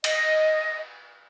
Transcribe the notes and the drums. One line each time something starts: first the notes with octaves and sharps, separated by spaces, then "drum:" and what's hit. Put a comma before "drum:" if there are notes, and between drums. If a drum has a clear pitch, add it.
D#5, drum: cymbal